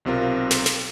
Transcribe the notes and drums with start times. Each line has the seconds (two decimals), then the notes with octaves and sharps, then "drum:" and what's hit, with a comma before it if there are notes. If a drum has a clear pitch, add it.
0.05 B1 C3 C4 F4 A#4
0.51 drum: snare
0.66 drum: snare